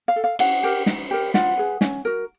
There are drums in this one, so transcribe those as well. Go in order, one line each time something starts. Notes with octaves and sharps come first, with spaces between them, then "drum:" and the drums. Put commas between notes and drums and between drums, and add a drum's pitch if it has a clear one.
F5
A4
F5
E4 F#5, drum: cymbal
G4 A#4
D#4, drum: snare
G4 A#4
F4 F#5, drum: snare
G#4 B4
C#4, drum: snare
F#4 A#4